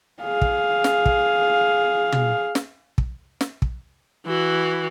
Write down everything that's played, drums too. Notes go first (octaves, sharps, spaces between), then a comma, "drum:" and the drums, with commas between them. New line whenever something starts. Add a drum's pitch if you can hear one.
G#4 F5
drum: kick
drum: snare
drum: kick
drum: tom
drum: snare
drum: kick
drum: snare
drum: kick
E3 F#4